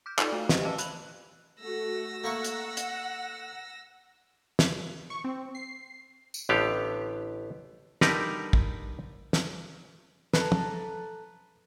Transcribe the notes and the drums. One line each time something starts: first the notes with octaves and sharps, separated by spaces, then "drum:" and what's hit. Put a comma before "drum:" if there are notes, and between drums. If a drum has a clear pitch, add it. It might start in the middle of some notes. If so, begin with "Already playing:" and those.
D6 F6 G6
D#4 F4 A4 D5, drum: clap
A3 F5
G4 B4 C5 D#5 E5 F#5, drum: snare
E3 B4 F5 A5 E6
B5 F#6 F7 F#7, drum: hi-hat
A3 F#4 E6 A#6
A3 A#3 F#5 C#6
drum: hi-hat
drum: hi-hat
drum: snare
C#6
C4
C7
drum: tambourine
A1 D3 B3 G4 F5
D3 G3 D#4 G4 A#4 B4, drum: snare
drum: kick
drum: snare
A4 B4 A#5, drum: snare
drum: tom